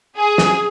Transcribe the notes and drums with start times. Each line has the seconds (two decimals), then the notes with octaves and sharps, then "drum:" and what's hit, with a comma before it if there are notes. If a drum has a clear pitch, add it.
0.17 G#4
0.38 drum: snare